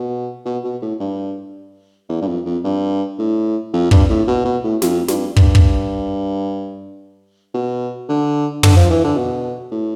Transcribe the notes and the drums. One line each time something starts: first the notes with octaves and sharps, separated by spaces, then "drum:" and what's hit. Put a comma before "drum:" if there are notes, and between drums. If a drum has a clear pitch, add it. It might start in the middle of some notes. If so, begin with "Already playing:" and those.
Already playing: B2
B2
B2
A2
G2
E2
G2
F2
F2
G2
A2
F2
G2, drum: kick
A2
B2
B2
A2
F2, drum: snare
G2, drum: snare
G2, drum: kick
drum: kick
B2
D3
D3, drum: tom
F3
E3
D3
B2
A2